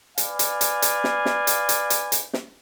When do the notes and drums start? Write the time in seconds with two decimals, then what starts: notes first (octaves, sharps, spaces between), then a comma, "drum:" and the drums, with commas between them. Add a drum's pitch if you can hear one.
0.18 B4 D5 F5 G#5, drum: hi-hat
0.39 drum: hi-hat
0.61 drum: hi-hat
0.82 drum: hi-hat
1.04 drum: snare
1.26 drum: snare
1.47 drum: hi-hat
1.69 drum: hi-hat
1.90 drum: hi-hat
2.12 drum: hi-hat
2.33 drum: snare